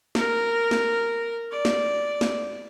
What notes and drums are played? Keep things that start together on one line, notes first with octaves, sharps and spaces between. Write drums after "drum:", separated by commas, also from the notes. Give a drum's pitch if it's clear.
A#4, drum: snare
drum: snare
D5
drum: snare
drum: snare